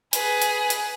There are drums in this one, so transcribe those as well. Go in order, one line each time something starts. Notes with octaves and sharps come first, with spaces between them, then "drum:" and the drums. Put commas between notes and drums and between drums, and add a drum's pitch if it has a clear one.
G#4 B4, drum: hi-hat
drum: hi-hat
drum: hi-hat